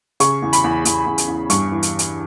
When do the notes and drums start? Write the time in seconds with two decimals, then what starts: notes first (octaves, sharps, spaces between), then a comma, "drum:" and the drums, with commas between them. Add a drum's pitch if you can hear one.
0.20 C#3 C#6, drum: hi-hat
0.42 E2
0.53 B5, drum: hi-hat
0.64 E2
0.85 E2, drum: hi-hat
1.06 E2
1.18 drum: hi-hat
1.28 E2
1.50 G2 C#6, drum: hi-hat
1.72 E3
1.83 drum: hi-hat
1.99 drum: hi-hat